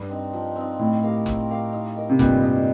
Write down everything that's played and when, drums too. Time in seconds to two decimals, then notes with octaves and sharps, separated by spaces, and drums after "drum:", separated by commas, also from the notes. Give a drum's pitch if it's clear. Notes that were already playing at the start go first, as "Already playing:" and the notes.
Already playing: G2
0.09 C4 D#4
0.33 F3
0.56 C4 D#4
0.79 A2 C4
1.03 G4 A#4 F5
1.26 C4, drum: kick F1
1.50 G4 A#4 F5
1.73 D#4
1.96 A#4 D#5
2.10 C3
2.19 G2 A#2 D#4, drum: kick F1
2.43 A#4 D#5